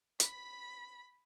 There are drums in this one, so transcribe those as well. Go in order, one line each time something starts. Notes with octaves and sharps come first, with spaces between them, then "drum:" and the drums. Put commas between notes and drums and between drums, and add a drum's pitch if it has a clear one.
B5 B6, drum: hi-hat